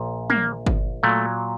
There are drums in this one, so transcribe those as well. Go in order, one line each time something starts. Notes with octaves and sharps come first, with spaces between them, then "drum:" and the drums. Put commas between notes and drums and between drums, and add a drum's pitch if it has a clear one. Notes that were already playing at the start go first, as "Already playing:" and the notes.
Already playing: A#1 A#2
A#3, drum: tom
drum: kick G1
A#2 F#3 A3